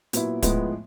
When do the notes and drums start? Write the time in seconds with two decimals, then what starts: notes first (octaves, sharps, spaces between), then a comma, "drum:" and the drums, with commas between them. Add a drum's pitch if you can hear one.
0.13 A#2 F#3 B3 E4, drum: hi-hat
0.42 A2 F3 G#3 B3, drum: kick, hi-hat